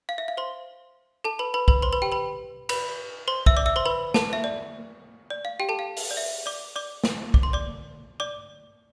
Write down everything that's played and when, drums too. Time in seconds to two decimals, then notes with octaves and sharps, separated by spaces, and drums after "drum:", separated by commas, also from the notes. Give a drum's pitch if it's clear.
0.09 F5
0.18 E5
0.28 F5
0.37 C5 C6
1.24 A4 A5
1.39 B4 B5
1.54 B4 B5
1.68 B4 B5, drum: kick
1.82 C5 C6
1.93 B4 B5
2.02 G4 G5
2.12 B4 B5
2.69 B4 B5, drum: cymbal
3.28 C5 C6
3.46 E5 E6, drum: kick
3.57 D5 D6
3.66 E5 E6
3.76 C5 C6
3.86 B4 B5
4.14 A4 A5, drum: snare
4.33 E5
4.44 D5
5.30 D5
5.45 F5
5.60 G4 G5
5.69 A4 A5
5.79 F5
5.97 drum: open hi-hat
6.11 D5
6.17 E5
6.46 D5 D6
6.76 D5 D6
7.04 drum: snare
7.34 D6, drum: kick
7.43 C6
7.53 D5 D6
8.20 D5 D6